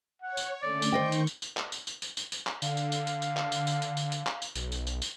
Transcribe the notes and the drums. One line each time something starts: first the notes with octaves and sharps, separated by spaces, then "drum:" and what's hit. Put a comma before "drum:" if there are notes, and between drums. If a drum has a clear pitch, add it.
C#5 F#5
drum: tambourine
D3 A3 C#4 D5
drum: tambourine
D#3 C5 D#5 G5 C#6 G6
drum: tambourine
drum: tambourine
drum: tambourine
drum: clap
drum: tambourine
drum: tambourine
drum: tambourine
drum: tambourine
drum: tambourine
drum: clap
D3 F5, drum: tambourine
drum: tambourine
drum: tambourine
drum: tambourine
drum: tambourine
drum: clap
drum: tambourine
drum: tambourine
drum: tambourine
drum: tambourine
drum: tambourine
drum: clap
drum: tambourine
B1, drum: tambourine
drum: tambourine
drum: tambourine
drum: tambourine